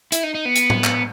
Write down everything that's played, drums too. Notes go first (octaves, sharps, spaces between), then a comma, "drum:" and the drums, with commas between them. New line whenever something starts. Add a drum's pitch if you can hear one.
E4, drum: hi-hat
D#4
D#4
B3
drum: hi-hat
drum: tom A2
drum: clap